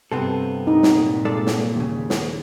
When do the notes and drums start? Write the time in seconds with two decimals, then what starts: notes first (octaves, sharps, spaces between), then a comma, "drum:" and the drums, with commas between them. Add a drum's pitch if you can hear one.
0.12 G2 C3 B3 C4 A4
0.67 A#2 D#4
0.83 drum: snare
1.25 G#3 A4 D5
1.46 drum: snare
1.76 D#2 C#3
2.10 drum: snare